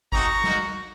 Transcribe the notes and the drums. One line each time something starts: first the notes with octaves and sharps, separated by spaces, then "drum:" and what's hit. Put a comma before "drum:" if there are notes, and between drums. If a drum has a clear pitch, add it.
A3 C4 D#4 F#4 A#5 C#6, drum: kick G#1
A#3 D#4 F#4, drum: snare